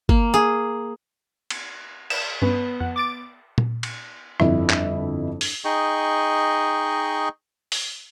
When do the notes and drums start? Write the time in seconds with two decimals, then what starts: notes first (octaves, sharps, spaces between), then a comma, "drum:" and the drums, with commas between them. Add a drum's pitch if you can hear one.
0.09 A#3, drum: kick
0.34 G#4
1.50 drum: cymbal
2.10 E7, drum: cymbal
2.42 G2 B3 C#4
2.80 F2 F#5
2.96 D6 A6 D7
3.58 drum: tom A#2
3.83 drum: cymbal
4.40 G1 F2 E4, drum: rim click
4.70 drum: clap
5.41 drum: open hi-hat
5.65 D#4 G#4 D#5 G5 C#6
7.72 drum: open hi-hat